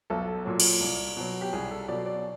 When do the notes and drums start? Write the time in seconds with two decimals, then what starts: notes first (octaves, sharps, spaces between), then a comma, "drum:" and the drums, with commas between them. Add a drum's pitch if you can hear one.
0.10 B1 A4
0.45 A#2 F#3
0.60 drum: cymbal
0.81 C2
1.17 B2 F#3
1.41 G4
1.53 C2 G#4
1.71 A4
1.88 B2 F#3 D5
2.06 D5